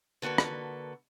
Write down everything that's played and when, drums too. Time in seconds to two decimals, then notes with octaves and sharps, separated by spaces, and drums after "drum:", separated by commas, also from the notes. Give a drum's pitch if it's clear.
0.22 D3 A#3 F#4 A4 B4
0.38 drum: rim click